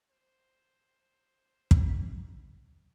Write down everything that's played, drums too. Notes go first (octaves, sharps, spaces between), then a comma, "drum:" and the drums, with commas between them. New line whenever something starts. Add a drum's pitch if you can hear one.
C5
drum: kick
B6